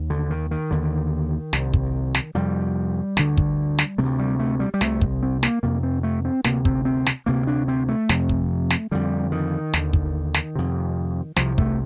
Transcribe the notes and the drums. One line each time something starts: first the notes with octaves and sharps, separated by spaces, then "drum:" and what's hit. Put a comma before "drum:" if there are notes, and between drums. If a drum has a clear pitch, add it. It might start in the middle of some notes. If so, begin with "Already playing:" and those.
Already playing: D#2
D3
D#3
D#3
D#2 D3
C2 C3, drum: snare
drum: kick
drum: snare
F2 C3 G3
D2 D3, drum: snare
drum: kick
drum: snare
D2 C3 A3
G3
A3
G3
G3
C2 C3 A3, drum: snare
drum: kick
C4
A#3, drum: snare
F2 C3 A#3
C4
A3
C4
D2 C3 A#3, drum: snare
C4, drum: kick
C4
drum: snare
D2 C3 A#3
D4
C4
A3
F2 C3, drum: snare
drum: kick
drum: snare
F2 D3 G3
D#3
D#2 D3, drum: snare
drum: kick
drum: snare
F2 C3
C2 C3 F3, drum: snare
A3, drum: kick